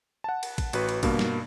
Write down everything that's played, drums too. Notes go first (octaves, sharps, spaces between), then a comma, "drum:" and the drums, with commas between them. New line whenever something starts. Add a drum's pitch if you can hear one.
F#5 A5
drum: cymbal
drum: kick, cymbal
A1 F#4 B4, drum: cymbal
drum: cymbal
G2 B2 A#3, drum: kick, cymbal
drum: snare